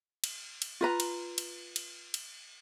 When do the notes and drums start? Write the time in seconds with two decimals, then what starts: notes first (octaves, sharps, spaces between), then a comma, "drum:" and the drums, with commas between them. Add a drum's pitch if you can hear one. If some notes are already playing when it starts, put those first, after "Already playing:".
0.24 drum: cymbal
0.62 drum: cymbal
0.81 F4 B4 A#5
1.00 drum: cymbal
1.38 drum: cymbal
1.76 drum: cymbal
2.14 drum: cymbal